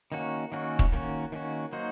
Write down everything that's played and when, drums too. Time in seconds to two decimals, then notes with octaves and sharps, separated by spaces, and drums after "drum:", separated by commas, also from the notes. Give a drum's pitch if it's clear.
0.12 D#3 A#3 C#4 F#4
0.52 D#3 A#3 C#4 F#4
0.79 drum: kick D#1
0.92 D#3 A#3 C#4 F#4
1.32 D#3 A#3 C#4 F#4
1.73 F#3 A#3 D#4 F#4 C5